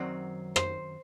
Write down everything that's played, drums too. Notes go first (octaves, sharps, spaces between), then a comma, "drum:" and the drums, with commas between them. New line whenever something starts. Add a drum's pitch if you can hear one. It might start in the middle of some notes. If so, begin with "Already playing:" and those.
Already playing: F#2 D#3 F#3 C4 D5
C5, drum: rim click